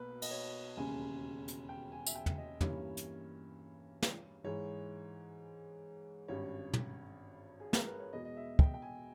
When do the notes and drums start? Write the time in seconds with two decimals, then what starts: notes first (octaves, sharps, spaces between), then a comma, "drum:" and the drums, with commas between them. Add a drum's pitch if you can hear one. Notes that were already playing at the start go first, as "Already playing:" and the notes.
Already playing: B1 B2 A#3 B4
0.22 D#5, drum: cymbal
0.31 C#5
0.76 E1 D#2 C#3 G3 C#4 G#5
1.48 drum: hi-hat
1.69 G5
1.92 G#5
2.07 E5, drum: tambourine
2.15 G5
2.26 drum: tom
2.38 D#5
2.61 G2 E3 G3 A#3 C#4 C#5, drum: tom
2.97 drum: hi-hat
4.02 drum: snare
4.44 G#2 E3 G#3 C#5
6.28 G#1 G2 G3 C#4 C#5
6.73 drum: tom
7.60 G#4
7.73 A#4, drum: snare
7.87 B4
8.00 C#5
8.13 E2 B2 G#3 D#5
8.25 D#5
8.37 E5
8.59 G5, drum: kick
8.74 G5
8.82 G#5